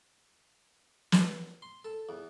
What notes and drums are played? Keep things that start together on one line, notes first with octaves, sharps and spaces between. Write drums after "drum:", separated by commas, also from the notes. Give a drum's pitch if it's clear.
drum: snare
C6
A4
E2